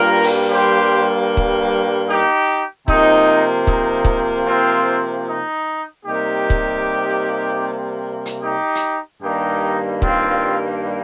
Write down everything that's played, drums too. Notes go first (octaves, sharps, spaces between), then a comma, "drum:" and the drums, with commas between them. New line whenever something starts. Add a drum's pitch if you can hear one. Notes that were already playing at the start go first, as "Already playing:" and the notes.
Already playing: G2 G3 A#3 F4 A#4
drum: open hi-hat
G4 C5
drum: kick C#1
D#4 G4
C3 F3 A#3 D#4, drum: kick C#1
D#4, drum: kick C#1
drum: kick C#1
C4 F4
D#4
C3 G3 A#3 D#4 G4
drum: kick C#1
drum: hi-hat
D#4 G4
drum: hi-hat
G2 D#3 G3 A#3 D#4 G4
C4 F4, drum: kick C#1